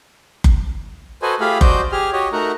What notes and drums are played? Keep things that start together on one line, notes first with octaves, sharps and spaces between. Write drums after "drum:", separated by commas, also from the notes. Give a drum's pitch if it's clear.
drum: kick F#1
F#4 A4 B4 C5 D#5 G#5
A3 F4 G4 G#4 F5 B5
F#4 C5 D5 D#5 G6, drum: kick F#1
G4 G#4 F6
F#4 G4 C#5 D#5
A3 D#4 F#4 A#4 F#5 A#5